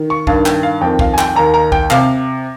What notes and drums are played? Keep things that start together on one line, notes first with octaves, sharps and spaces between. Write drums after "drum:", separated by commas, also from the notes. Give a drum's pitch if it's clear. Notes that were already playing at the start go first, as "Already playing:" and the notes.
Already playing: D#3
C#6
G2 D#3 F5, drum: kick
G5, drum: clap
F5
F2 D#3 G5
F5, drum: kick
G#5
G5, drum: clap
D#2 D#3 A#5
A#5
G5, drum: kick
C3 F5, drum: clap